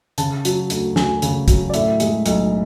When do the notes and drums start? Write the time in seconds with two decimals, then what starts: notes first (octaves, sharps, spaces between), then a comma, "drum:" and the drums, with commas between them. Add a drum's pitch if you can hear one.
0.18 C#3 A5, drum: hi-hat
0.45 F#3, drum: hi-hat
0.70 D2, drum: hi-hat
0.96 D2 G#5, drum: snare
1.22 C#3, drum: hi-hat
1.48 F#3, drum: kick, hi-hat
1.70 D5
1.74 A2 E5, drum: hi-hat
2.00 G#3, drum: hi-hat
2.26 B1, drum: hi-hat